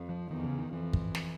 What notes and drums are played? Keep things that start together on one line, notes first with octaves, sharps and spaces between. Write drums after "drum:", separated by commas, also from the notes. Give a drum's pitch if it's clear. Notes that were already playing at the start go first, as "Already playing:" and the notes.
Already playing: F2
F3
E2 D#3
C#3
D#3
F2 E3
drum: kick
drum: snare